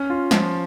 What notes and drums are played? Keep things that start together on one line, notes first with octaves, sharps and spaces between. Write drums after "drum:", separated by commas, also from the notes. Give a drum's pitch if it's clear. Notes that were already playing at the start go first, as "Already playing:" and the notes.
Already playing: C#4
F4
F3, drum: snare